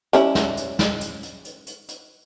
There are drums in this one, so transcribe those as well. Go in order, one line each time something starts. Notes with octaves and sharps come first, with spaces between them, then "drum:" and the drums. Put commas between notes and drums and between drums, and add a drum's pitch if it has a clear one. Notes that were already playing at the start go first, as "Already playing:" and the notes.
G3 C#4 E4, drum: hi-hat
drum: snare
drum: hi-hat
drum: snare
drum: hi-hat
drum: hi-hat
drum: hi-hat
drum: hi-hat
drum: hi-hat